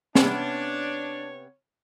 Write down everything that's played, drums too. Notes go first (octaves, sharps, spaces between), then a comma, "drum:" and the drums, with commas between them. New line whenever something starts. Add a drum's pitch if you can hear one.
C3 B3 C#4 D4 C#5, drum: snare